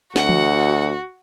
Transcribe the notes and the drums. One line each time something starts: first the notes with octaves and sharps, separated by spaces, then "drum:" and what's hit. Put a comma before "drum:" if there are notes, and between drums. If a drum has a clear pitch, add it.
D2 F#4 F#5, drum: snare
drum: tom E3